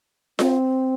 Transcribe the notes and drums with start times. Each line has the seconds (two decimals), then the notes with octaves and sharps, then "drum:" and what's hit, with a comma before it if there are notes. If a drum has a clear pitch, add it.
0.39 C4, drum: snare F4